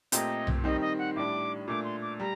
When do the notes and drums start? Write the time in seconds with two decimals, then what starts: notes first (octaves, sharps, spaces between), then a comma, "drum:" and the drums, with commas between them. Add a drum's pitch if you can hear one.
0.12 A#2 A3 C4 G4 A#4 D#5, drum: hi-hat
0.47 drum: tom B1
0.64 D#3 G3 C4 D#4 D#5
0.81 D#5
0.98 F#5
1.16 A2 G3 D4 D6
1.68 A#2 A3 D4 D6
1.84 C6
2.02 D6
2.20 G3 A#5